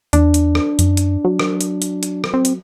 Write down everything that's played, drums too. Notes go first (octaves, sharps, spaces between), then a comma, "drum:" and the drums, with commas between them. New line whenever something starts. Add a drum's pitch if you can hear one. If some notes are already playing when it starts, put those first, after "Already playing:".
E2 D4, drum: hi-hat
drum: hi-hat
drum: rim click
F#2, drum: hi-hat
drum: hi-hat
F#3
drum: rim click
drum: hi-hat
drum: hi-hat
drum: hi-hat
drum: rim click
C4
drum: hi-hat